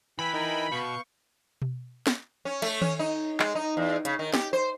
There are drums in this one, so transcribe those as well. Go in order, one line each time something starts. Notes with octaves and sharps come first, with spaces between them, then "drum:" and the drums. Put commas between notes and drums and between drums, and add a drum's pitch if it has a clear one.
E3 B4 E5 G5 G#5 B5 B6
D#4 A#4 G5 G#5
B2 B3 F5 C#6 G6
drum: tom B2
drum: snare
C#4
A3, drum: cymbal
C#4, drum: tom D#3
D#4
G#3, drum: clap
D#4
E2
C#3, drum: hi-hat
D#3
G4, drum: snare
C5